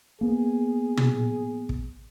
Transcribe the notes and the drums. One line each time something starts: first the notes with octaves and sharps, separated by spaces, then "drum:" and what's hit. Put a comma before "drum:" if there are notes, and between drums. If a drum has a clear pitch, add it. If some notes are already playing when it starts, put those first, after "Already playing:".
A#3 B3 G#4
drum: tom
drum: kick